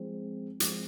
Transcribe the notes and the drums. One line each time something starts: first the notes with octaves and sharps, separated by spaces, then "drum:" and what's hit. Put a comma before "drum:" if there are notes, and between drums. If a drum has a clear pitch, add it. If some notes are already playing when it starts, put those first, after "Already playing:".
Already playing: F3 G#3 C4
F3 G#3 C4, drum: hi-hat